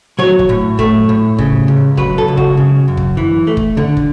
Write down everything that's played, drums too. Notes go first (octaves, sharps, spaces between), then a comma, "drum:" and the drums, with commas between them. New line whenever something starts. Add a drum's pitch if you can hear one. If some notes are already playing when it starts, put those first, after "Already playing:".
F#3 C#5
drum: kick
A2
A3, drum: kick
A2
C#3, drum: kick
C#2
F#3 B4, drum: kick
A4
C#2
F#4, drum: kick
C#3
F#2
drum: kick
E3
A3
drum: kick
D3
drum: kick